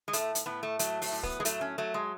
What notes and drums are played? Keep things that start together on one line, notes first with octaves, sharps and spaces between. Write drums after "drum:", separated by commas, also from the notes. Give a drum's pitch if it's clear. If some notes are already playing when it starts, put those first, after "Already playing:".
G#3
A2 A3, drum: hi-hat
drum: hi-hat
A2 B3
A3
F#3 A3, drum: hi-hat
A3, drum: open hi-hat
A2
B3, drum: kick
G#3
F#3 A3, drum: hi-hat
C#4
F#3 A3
G#3